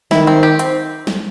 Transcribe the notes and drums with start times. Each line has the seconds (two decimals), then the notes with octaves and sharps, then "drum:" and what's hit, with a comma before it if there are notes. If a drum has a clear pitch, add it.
0.11 D#3 E4, drum: snare
0.27 C4
0.43 G4
0.59 C4, drum: hi-hat
1.07 drum: snare